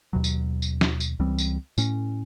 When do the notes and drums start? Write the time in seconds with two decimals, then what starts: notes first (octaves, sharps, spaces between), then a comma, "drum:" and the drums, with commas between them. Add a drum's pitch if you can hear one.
0.13 D#2 B2 F#3
0.24 drum: tambourine
0.62 drum: tambourine
0.81 drum: snare
1.00 drum: tambourine
1.19 C#2 E3 G3 C4
1.38 drum: tambourine
1.78 A2 C#4, drum: tambourine